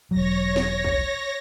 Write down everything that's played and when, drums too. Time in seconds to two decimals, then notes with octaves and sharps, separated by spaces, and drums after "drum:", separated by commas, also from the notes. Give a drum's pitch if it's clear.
0.11 E1 F#3 C#5 A#6
0.56 drum: snare
0.84 drum: kick